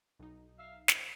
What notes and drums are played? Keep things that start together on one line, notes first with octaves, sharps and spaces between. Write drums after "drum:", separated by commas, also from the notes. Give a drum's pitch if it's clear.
B1 D#4
E5 F5
D#3 F3 C5, drum: snare